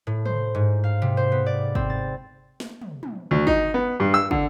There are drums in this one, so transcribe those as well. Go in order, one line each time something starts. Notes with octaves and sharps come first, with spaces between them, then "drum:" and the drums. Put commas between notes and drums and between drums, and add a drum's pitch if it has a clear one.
A2
C5, drum: tom
G#2
F5
C3
C5
B3
D5
C4, drum: kick
A6
drum: snare
drum: tom
drum: tom
D2
D#4, drum: kick
B3
G2
E6
D3, drum: kick